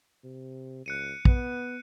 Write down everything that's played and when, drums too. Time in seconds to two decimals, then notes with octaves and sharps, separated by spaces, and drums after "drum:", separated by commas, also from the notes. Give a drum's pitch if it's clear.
0.23 C3
0.86 C#2 F#6 C#7 D#7
1.25 B3, drum: kick